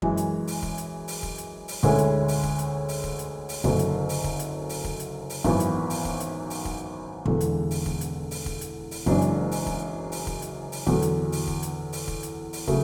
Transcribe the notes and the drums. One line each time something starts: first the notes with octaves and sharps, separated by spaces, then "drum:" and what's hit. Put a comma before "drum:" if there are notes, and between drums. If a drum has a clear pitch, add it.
F#2 E3 G#3, drum: kick
drum: hi-hat
drum: open hi-hat
drum: kick
drum: hi-hat
drum: open hi-hat
drum: kick
drum: hi-hat
drum: open hi-hat
D2 D3 G#3 C#4 E4, drum: kick
drum: hi-hat
drum: open hi-hat
drum: kick
drum: hi-hat
drum: open hi-hat
drum: kick
drum: hi-hat
drum: open hi-hat
F#1 F#2 D3, drum: kick
drum: hi-hat
drum: open hi-hat
drum: kick
drum: hi-hat
drum: open hi-hat
drum: kick
drum: hi-hat
drum: open hi-hat
G#1 F#2 E3 B3, drum: kick
drum: hi-hat
drum: open hi-hat
drum: kick
drum: hi-hat
drum: open hi-hat
drum: kick
E1 E2 D3, drum: kick
drum: hi-hat
drum: open hi-hat
drum: kick
drum: hi-hat
drum: open hi-hat
drum: kick
drum: hi-hat
drum: open hi-hat
F#1 F#2 E3 G#3 D4, drum: kick
drum: hi-hat
drum: open hi-hat
drum: kick
drum: open hi-hat
drum: kick
drum: hi-hat
drum: open hi-hat
E2 D3 F#3, drum: kick
drum: hi-hat
drum: open hi-hat
drum: kick
drum: hi-hat
drum: open hi-hat
drum: kick
drum: hi-hat
drum: open hi-hat
C#3 F#3 A3, drum: kick